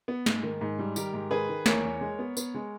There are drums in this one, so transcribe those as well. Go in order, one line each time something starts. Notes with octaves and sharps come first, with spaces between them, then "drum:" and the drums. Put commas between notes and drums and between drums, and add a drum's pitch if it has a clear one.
B3
G#2, drum: snare
D#3
G#2
G3
D#3 G4 A#4, drum: tambourine
G#2
D#3 G#4 B4
D#3
E2 A#4 C#5, drum: snare
E2
G#3
B3
B3, drum: tambourine
G#3